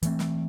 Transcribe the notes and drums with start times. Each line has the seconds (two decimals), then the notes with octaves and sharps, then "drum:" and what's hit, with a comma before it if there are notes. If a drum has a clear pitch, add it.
0.03 E3 A3 C4, drum: hi-hat
0.19 drum: snare